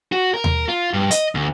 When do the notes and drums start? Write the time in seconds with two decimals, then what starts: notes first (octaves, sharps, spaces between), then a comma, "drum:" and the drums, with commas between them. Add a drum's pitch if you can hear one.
0.12 F#4
0.34 A#4
0.44 drum: tom D#2
0.68 F4
0.94 G2
1.11 D#5, drum: hi-hat
1.35 D2